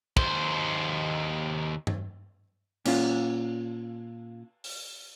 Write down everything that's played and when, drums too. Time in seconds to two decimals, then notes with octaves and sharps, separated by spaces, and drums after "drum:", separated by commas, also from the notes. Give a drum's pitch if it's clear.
0.17 D#2 C5, drum: kick
1.87 drum: tom G2
2.85 A#2 C#4 F4, drum: cymbal
4.64 drum: open hi-hat